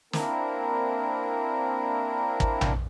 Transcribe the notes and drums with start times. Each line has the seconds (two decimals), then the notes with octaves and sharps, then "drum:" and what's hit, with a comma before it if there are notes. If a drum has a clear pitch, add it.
0.13 A#3 C4 D4 E4 A#4, drum: snare
2.40 drum: kick
2.61 drum: tom A#1